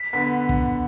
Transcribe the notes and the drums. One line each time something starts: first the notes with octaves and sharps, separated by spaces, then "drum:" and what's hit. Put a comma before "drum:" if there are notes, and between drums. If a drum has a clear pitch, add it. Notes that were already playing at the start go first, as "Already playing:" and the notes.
Already playing: B6
D3 B3 B6
drum: kick